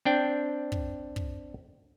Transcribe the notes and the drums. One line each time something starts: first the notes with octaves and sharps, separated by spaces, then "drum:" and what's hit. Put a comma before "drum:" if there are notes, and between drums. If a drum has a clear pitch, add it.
C4 D4 G5
drum: kick
drum: kick